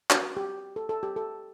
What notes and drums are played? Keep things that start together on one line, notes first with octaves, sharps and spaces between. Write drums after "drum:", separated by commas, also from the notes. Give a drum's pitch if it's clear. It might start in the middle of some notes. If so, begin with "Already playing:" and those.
F#4, drum: clap
G4
A4
A4
G4
A4